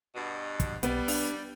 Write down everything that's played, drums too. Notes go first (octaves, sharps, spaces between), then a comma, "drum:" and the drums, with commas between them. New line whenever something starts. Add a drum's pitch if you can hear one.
G2 B2
drum: kick, hi-hat
B1 G3 B3, drum: hi-hat
D4, drum: open hi-hat